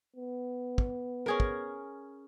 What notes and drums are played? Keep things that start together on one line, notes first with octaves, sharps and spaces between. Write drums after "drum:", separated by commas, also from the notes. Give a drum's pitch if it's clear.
B3
drum: kick
C#4 G#4 A#4
drum: kick